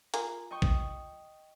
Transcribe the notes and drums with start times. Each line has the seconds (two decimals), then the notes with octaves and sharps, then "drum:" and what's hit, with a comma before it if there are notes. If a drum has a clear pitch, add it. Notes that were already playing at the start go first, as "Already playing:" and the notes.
0.14 F4 G#4 A#4, drum: hi-hat
0.51 D#5 G5 C#6
0.62 drum: kick